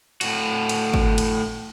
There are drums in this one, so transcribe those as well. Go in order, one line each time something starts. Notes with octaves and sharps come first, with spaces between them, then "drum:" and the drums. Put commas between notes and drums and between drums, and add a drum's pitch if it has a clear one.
A2 F#4, drum: cymbal
drum: cymbal
drum: kick
drum: cymbal